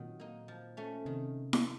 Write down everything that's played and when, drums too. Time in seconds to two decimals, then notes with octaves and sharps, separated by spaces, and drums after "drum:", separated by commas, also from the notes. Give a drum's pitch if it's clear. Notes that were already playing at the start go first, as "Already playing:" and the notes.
Already playing: A#2 D#3 F#3 C4
0.20 A#3 D#4
0.48 F3
0.77 A3 C#4
1.05 C3 D#3
1.53 drum: snare E4